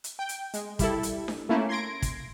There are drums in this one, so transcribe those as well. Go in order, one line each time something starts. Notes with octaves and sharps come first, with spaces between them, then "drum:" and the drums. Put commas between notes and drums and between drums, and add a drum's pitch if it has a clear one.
drum: hi-hat
G5
drum: hi-hat
G#3, drum: hi-hat
G3 E4 A4, drum: kick, hi-hat
drum: hi-hat
drum: snare D4
A3 A#3 C#4 E4
C6 G#6 A#6 D7
drum: kick, hi-hat